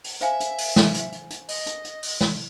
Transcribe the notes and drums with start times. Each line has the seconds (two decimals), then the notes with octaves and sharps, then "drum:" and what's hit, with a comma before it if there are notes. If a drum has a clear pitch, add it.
0.04 drum: open hi-hat
0.21 C5 E5 F5 G#5, drum: hi-hat
0.40 drum: hi-hat
0.58 drum: open hi-hat
0.76 drum: snare
0.94 drum: hi-hat
1.12 drum: hi-hat
1.30 drum: hi-hat
1.48 D#5, drum: open hi-hat
1.66 drum: hi-hat
1.84 drum: hi-hat
2.03 drum: open hi-hat
2.21 drum: snare